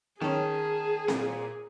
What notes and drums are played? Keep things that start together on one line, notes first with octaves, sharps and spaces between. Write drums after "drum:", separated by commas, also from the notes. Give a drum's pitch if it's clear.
D#3 C#4 G#4 A5
A#2, drum: snare C4